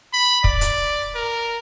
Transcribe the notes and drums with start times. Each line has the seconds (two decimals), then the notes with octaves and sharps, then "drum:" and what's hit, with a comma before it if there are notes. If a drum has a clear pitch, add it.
0.13 B5
0.44 D5, drum: kick
0.61 drum: hi-hat
1.15 A#4